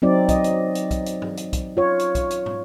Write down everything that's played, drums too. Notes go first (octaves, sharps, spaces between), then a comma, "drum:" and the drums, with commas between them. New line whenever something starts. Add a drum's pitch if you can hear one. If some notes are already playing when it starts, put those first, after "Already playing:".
F#3 C4 D#4 D5
D#5, drum: kick B1, hi-hat
drum: hi-hat
drum: hi-hat
drum: kick B1, hi-hat
drum: hi-hat
drum: tom G2
drum: hi-hat
drum: kick B1, hi-hat
F4 C#5
drum: hi-hat
drum: kick B1, hi-hat
drum: hi-hat
drum: tom